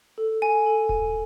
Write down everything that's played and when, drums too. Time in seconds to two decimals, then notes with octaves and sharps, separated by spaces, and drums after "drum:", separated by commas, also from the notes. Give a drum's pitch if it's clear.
0.18 A4
0.42 G#5
0.66 A4
0.89 G#5, drum: kick D#1